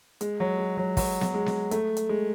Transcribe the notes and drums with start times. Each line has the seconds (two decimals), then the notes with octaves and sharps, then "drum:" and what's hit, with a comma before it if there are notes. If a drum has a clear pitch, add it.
0.21 G#3, drum: hi-hat
0.40 F#3
0.58 G#3
0.77 F#3
0.97 F#3, drum: kick, open hi-hat
1.21 drum: snare B3
1.34 G#3
1.46 drum: snare B3
1.71 A3, drum: hi-hat
1.97 drum: hi-hat
2.09 G#3